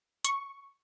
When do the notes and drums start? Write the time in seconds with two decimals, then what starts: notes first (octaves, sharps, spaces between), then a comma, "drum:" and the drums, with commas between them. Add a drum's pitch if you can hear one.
0.25 C#6, drum: hi-hat